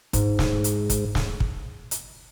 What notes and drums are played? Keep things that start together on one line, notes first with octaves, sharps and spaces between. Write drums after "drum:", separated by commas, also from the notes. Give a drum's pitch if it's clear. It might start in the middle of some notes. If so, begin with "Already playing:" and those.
G#2, drum: kick, hi-hat
drum: snare
drum: hi-hat
drum: kick, hi-hat
drum: snare
drum: kick
drum: hi-hat